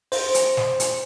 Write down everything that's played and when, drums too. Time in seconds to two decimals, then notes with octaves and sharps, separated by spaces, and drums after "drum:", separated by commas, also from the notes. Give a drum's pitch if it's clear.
0.12 C5, drum: open hi-hat
0.34 drum: hi-hat
0.57 drum: snare
0.80 drum: hi-hat